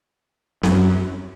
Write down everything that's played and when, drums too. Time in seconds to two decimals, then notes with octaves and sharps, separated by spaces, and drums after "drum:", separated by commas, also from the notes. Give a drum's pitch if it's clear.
0.63 F#2, drum: snare C4